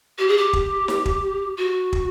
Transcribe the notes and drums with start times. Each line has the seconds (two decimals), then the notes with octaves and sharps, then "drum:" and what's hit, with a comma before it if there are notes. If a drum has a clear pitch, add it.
0.18 G4
0.28 G#4
0.37 G4
0.53 drum: kick
0.88 drum: snare
1.06 drum: kick
1.58 F#4
1.93 drum: kick